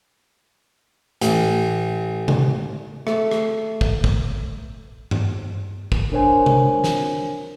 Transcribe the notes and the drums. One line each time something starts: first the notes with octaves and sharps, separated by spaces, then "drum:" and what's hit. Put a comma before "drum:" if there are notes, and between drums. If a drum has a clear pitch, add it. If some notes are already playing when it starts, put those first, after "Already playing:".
A1, drum: hi-hat
drum: tom C3
A3, drum: rim click
drum: rim click
drum: kick
drum: kick
drum: tom G2
drum: kick
D4 A#4 C5 C#5 G#5
drum: tom C3
drum: snare